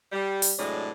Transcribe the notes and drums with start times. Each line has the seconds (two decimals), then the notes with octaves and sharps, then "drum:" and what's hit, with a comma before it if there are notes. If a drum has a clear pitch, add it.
0.13 G3
0.42 drum: open hi-hat
0.58 A2 C3 F#3 G#3 D4